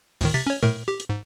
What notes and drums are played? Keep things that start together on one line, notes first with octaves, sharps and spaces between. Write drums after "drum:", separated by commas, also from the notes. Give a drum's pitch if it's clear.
D2 A2 D#3, drum: open hi-hat
C3 A6 B6
C#4 C#5
A2 A3 A#4, drum: tom A#2
G4
drum: hi-hat
G#2